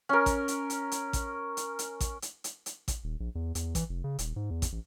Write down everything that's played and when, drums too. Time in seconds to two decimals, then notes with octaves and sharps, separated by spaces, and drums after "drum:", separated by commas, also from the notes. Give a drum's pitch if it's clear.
0.09 C#4 A#4
0.26 drum: kick A1, hi-hat
0.48 drum: hi-hat
0.70 drum: hi-hat
0.92 drum: hi-hat
1.13 drum: kick A1, hi-hat
1.57 drum: hi-hat
1.79 drum: hi-hat
2.00 drum: kick A1, hi-hat
2.22 drum: hi-hat
2.44 drum: hi-hat
2.66 drum: hi-hat
2.88 drum: kick A1, hi-hat
3.04 D#1
3.20 A#1
3.35 E2
3.55 E2, drum: hi-hat
3.75 E3, drum: kick A1, hi-hat
3.89 F1
4.04 C#3
4.19 D#1, drum: hi-hat
4.36 G#2
4.50 E2
4.62 drum: kick A1, hi-hat
4.72 A1